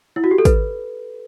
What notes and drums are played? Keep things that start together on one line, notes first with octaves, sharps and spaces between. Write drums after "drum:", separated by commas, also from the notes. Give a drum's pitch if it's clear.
E4
F#4
G4
A4
B4, drum: kick, hi-hat